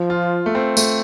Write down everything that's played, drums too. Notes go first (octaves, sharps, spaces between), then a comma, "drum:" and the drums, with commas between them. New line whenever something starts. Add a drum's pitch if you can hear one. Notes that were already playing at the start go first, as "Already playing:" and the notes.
Already playing: F3
F4
A3
C4
A3, drum: tambourine